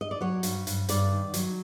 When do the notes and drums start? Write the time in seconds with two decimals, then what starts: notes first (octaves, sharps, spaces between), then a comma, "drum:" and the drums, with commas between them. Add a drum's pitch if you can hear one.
0.01 D#5
0.11 D5
0.21 F#3 C#5
0.43 G2, drum: hi-hat
0.67 G2, drum: hi-hat
0.89 G2 D5, drum: hi-hat
1.12 D#3
1.34 F#3, drum: hi-hat